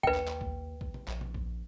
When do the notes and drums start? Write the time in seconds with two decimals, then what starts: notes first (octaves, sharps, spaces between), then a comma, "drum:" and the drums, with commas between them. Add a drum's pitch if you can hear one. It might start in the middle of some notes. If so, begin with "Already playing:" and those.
0.03 D#2 B4 G5, drum: kick A#1
0.14 drum: clap
0.28 drum: clap
0.41 drum: kick A#1
0.81 drum: kick A#1
0.94 drum: tom
1.08 A#1, drum: clap
1.21 drum: tom
1.34 drum: kick A#1